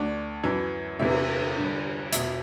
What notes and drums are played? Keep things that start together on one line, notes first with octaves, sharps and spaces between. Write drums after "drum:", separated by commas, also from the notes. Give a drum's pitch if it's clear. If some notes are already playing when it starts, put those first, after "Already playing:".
Already playing: D2 D3 D5
F#2 E3
E2 C3 E3 E5, drum: cymbal
G2 D3
E2 B2 E5, drum: hi-hat